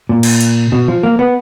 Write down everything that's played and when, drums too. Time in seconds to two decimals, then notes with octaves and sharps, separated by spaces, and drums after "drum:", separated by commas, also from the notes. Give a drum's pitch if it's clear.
0.09 A#2
0.23 drum: cymbal
0.41 drum: hi-hat
0.72 B2
0.88 F3
1.03 A#3
1.19 B3